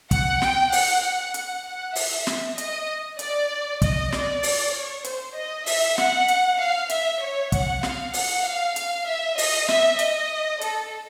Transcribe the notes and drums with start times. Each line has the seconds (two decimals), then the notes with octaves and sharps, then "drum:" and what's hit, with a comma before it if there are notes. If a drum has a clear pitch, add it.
0.11 F#5, drum: kick, hi-hat
0.42 G5, drum: snare
0.72 F#5, drum: open hi-hat
1.04 F#5
1.34 F#5, drum: hi-hat
1.66 F#5
1.95 E5, drum: open hi-hat
2.27 drum: snare
2.58 D#5, drum: hi-hat
3.19 D5, drum: hi-hat
3.82 D#5, drum: kick, hi-hat
4.12 D5, drum: snare
4.43 drum: open hi-hat
4.74 C#5
5.04 C5, drum: hi-hat
5.36 D#5
5.66 E5, drum: open hi-hat
5.98 F#5, drum: snare
6.28 drum: hi-hat
6.59 F5
6.89 E5, drum: hi-hat
7.22 C#5
7.52 F#5, drum: kick, hi-hat
7.83 F5, drum: snare
8.13 F#5, drum: open hi-hat
8.44 F5
8.76 F5, drum: hi-hat
9.07 E5
9.38 D#5, drum: open hi-hat
9.68 E5, drum: snare
9.99 D#5, drum: hi-hat
10.61 A4, drum: hi-hat